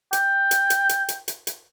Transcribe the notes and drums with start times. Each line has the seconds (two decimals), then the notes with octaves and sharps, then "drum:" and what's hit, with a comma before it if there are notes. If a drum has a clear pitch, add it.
0.13 G5, drum: hi-hat
0.51 drum: hi-hat
0.70 drum: hi-hat
0.89 drum: hi-hat
1.09 drum: hi-hat
1.28 drum: hi-hat
1.47 drum: hi-hat